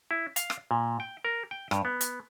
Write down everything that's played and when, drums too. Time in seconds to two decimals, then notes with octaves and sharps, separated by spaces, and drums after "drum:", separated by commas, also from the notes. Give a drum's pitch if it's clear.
0.11 E4
0.36 F5, drum: hi-hat
0.50 drum: rim click
0.71 A#2
1.00 G5
1.25 A#4
1.51 G5
1.71 G2, drum: rim click
1.85 B3
2.01 drum: hi-hat